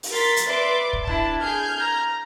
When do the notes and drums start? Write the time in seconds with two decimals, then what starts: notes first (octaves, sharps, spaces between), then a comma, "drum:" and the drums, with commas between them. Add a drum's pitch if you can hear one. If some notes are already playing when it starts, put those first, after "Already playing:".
0.03 drum: open hi-hat
0.12 A#4 C6 A6 B6
0.36 drum: hi-hat
0.47 B4 D5 E5 C6 D6
0.93 drum: kick
1.07 D4 E4 A5, drum: kick
1.42 G#4 F6 G6 G#6
1.80 A#5